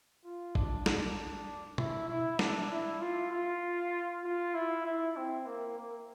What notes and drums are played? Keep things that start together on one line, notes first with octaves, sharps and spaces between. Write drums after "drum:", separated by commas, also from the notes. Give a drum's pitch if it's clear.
F4
D4, drum: kick A1
D4, drum: snare
E4, drum: tom B2
E4
D4, drum: snare
E4
F4
F4
F4
E4
E4
C4
A#3
A#3